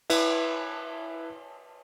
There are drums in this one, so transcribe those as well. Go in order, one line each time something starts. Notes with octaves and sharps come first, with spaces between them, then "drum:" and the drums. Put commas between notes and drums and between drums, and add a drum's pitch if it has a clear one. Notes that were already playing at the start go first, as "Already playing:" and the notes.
E4 B4 E5, drum: cymbal